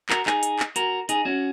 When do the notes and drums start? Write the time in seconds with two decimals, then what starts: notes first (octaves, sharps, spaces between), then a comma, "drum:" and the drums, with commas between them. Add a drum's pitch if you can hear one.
0.09 F#4 A#4, drum: clap
0.26 D#4 G#4, drum: clap
0.43 drum: hi-hat
0.59 drum: clap
0.76 F#4 A#4, drum: hi-hat
1.09 D#4 G#4, drum: hi-hat
1.25 C#4 F#4